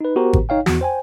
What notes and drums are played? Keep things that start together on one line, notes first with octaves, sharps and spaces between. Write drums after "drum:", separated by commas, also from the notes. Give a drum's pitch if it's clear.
D#4 B4
B3 F#4 G4 A#4 C5 A#5
drum: kick G#1
D#4 C#5 F5 G5
E2 F#4, drum: snare
C5 G5 G#5